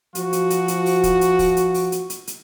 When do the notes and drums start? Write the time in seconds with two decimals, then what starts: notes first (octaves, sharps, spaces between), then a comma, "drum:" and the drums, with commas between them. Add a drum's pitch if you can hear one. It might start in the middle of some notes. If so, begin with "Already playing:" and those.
0.15 F3 F#4, drum: hi-hat
0.33 drum: hi-hat
0.50 drum: hi-hat
0.68 drum: hi-hat
0.86 drum: open hi-hat
1.03 drum: kick, hi-hat
1.21 drum: hi-hat
1.39 drum: kick, open hi-hat
1.57 drum: hi-hat
1.74 drum: open hi-hat
1.92 drum: hi-hat
2.10 drum: hi-hat
2.27 drum: hi-hat